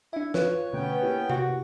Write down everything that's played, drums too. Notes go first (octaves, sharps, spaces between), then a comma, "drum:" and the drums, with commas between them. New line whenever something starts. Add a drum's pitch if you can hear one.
D4 E4 E5
F4 B4 C#5, drum: snare
B2 D3 A3 B3 C#4 G5
A#3 E4 G4
F#4, drum: tom C3